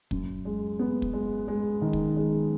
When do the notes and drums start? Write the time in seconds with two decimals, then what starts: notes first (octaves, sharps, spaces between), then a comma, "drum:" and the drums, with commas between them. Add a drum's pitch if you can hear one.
0.11 F#2, drum: kick
0.45 G#3
0.79 B3
1.02 drum: kick
1.13 G#3
1.48 G#3
1.82 D#3
1.93 drum: kick
2.16 G#3